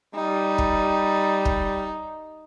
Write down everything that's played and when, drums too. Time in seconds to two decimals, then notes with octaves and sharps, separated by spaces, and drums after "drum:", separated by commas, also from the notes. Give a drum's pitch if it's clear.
0.15 G3 D#4
0.58 drum: kick
1.45 drum: kick